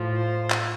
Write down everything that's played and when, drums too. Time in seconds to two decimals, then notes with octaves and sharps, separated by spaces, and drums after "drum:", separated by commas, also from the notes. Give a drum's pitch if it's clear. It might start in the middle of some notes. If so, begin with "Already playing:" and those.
Already playing: A2 F3
0.15 C5
0.50 drum: clap